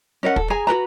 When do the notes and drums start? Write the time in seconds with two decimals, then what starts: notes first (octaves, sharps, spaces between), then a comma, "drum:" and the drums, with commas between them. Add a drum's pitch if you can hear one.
0.23 C#4 A#4 D#5 F#5
0.36 A4, drum: kick
0.50 G#4 G#5 A#5
0.67 F#4 A#4 B4 A#5